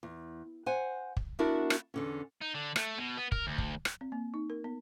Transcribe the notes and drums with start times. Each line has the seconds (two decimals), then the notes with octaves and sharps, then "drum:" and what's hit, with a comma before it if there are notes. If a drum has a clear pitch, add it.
0.03 E2
0.66 C5 F#5 G#5
1.17 drum: kick
1.39 B3 D4 E4 F#4 A#4 E5
1.70 drum: rim click
1.94 E2 D3 C#4
2.41 D#4
2.54 D3
2.76 A3, drum: rim click
2.98 B2
3.17 B3
3.32 A#4, drum: kick
3.47 D2
3.58 drum: kick
3.85 drum: rim click
4.01 C4
4.12 A#3
4.34 D#4
4.50 A#4
4.64 B3